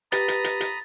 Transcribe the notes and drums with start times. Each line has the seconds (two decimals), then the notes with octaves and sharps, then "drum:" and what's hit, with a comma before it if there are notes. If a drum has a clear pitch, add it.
0.12 G4 B4 A#5 B5 D#6 A6, drum: hi-hat
0.28 drum: hi-hat
0.44 drum: hi-hat
0.60 drum: hi-hat